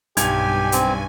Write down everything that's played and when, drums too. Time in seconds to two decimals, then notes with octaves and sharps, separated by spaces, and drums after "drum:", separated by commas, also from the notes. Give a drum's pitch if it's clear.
0.17 B1 G2 G4 G#5 G#6 F7, drum: hi-hat
0.72 C4, drum: hi-hat